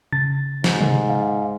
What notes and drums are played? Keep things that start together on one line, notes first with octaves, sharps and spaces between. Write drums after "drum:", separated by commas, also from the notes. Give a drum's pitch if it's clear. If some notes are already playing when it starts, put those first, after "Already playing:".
C#3 A6
G#2, drum: snare
drum: tom C3
F5